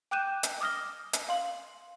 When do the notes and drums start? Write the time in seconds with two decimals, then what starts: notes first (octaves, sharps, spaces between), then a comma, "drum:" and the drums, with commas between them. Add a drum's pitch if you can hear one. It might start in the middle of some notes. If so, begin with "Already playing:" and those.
0.11 G5 D6 F#6 G6 D#7 E7
0.43 drum: hi-hat
0.61 D6 D#6 F6 A#6 G7
1.13 drum: hi-hat
1.29 F5 C6 F#7